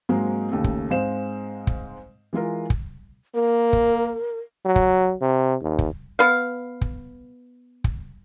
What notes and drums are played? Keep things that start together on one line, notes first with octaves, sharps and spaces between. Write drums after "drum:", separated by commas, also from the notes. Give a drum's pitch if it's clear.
G#2 F#3 G#3 A#3 C4
D#2 C#3 A3
drum: kick
G#2 G#3 C4 C5 F5 E7
drum: kick
E3 G#3 F4 A#4
drum: kick
A#3 A#4
drum: kick
F#3
drum: kick
C3
D#2
drum: kick
B3 F5
drum: kick
drum: kick